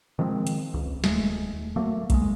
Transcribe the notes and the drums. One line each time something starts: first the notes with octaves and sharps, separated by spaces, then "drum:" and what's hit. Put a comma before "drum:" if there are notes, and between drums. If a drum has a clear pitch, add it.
D#3 F3 G#3 C4
drum: hi-hat
C#2
D1 D#2 G#3 A3, drum: snare
F#3 A3 A#3
A#1 F3 G#3, drum: kick B1, hi-hat